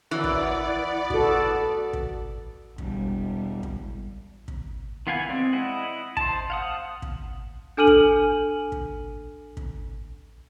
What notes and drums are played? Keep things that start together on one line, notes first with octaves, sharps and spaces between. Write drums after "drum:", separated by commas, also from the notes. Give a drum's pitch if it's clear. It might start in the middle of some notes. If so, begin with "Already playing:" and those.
F#2 E3 D5
drum: kick
B3
F#4 A4, drum: kick
drum: kick
E1 G3, drum: kick
drum: kick
drum: kick
E3 B3 F5 F#5 G#5
G#3 C4 D5
E4 D#5 F#5
C5 A5, drum: kick
F5 F#5 D#6
drum: kick
D4 A4 G#5 F6 D#7 F#7
drum: kick
drum: kick
drum: kick